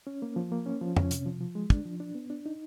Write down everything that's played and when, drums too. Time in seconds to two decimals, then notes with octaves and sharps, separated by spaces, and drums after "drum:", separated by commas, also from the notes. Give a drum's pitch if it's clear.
0.07 C#4
0.22 A#3
0.36 F3
0.52 A#3
0.66 C#4
0.81 F3
0.97 C#4, drum: tom F2
1.11 C3, drum: hi-hat
1.26 F3
1.41 F3
1.55 G#3
1.70 D4, drum: kick
1.85 F3
2.00 D4
2.15 B3
2.30 D4
2.46 D#4